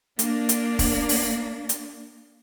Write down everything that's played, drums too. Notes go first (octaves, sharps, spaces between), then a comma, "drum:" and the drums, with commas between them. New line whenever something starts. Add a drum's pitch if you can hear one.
A#3 D4, drum: hi-hat
drum: hi-hat
drum: kick, open hi-hat
drum: open hi-hat
drum: hi-hat